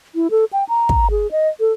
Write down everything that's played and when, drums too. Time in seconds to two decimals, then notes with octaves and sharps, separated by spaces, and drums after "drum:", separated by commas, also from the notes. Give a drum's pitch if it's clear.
0.15 E4
0.31 A4
0.53 G5
0.69 A#5
0.89 drum: kick
1.11 G#4
1.31 D#5
1.60 A4